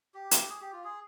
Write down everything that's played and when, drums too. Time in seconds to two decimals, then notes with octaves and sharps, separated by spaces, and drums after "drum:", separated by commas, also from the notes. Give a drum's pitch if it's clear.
0.14 G4
0.31 drum: hi-hat
0.50 G#4
0.61 G4
0.73 F4
0.84 G#4